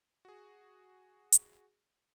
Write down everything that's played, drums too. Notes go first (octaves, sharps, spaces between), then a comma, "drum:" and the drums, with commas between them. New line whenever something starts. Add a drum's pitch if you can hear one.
F#4 G#4
drum: hi-hat